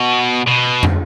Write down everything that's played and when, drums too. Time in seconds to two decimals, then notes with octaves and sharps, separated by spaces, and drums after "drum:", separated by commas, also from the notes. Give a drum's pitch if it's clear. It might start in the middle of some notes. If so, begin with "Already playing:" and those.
Already playing: B2
0.48 B2
0.83 drum: tom